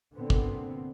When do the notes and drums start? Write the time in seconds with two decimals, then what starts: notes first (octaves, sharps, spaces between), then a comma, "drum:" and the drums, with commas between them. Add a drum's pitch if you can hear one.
0.15 A#2 D3 B3 C4
0.30 drum: kick